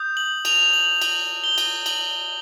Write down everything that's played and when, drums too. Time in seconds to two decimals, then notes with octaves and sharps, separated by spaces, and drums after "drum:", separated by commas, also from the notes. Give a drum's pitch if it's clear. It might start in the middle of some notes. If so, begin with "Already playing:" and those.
Already playing: D#6 G6
0.17 F#7
0.45 F7, drum: cymbal
0.73 F#7
1.02 F#7, drum: cymbal
1.44 G7
1.58 drum: cymbal
1.86 F#7, drum: cymbal